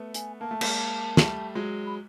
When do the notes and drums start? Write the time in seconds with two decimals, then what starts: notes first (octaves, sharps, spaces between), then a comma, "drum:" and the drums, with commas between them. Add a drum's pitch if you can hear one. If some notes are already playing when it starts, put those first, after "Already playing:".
Already playing: A3 B3
0.14 G#5, drum: hi-hat
0.40 A#3 A5
0.51 A3
0.61 G#3 A#3, drum: cymbal
1.17 G3 A3, drum: snare
1.55 F#3 G#3
1.86 B5